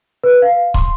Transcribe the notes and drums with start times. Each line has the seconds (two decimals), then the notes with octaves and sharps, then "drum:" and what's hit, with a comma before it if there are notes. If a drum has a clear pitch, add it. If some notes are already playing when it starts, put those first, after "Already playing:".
0.24 B4
0.42 F5
0.74 C6, drum: kick